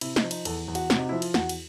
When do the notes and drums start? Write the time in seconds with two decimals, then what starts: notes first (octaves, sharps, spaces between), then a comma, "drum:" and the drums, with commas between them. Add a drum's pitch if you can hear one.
0.01 C3 E4, drum: cymbal
0.16 D#4, drum: snare
0.24 F3
0.31 D#4, drum: cymbal
0.45 E2 A4, drum: cymbal
0.68 E2
0.75 F#4, drum: cymbal
0.90 C3, drum: snare
0.97 D#4
1.09 F3 E4
1.22 F4, drum: cymbal
1.34 E2 F#4, drum: snare
1.49 drum: cymbal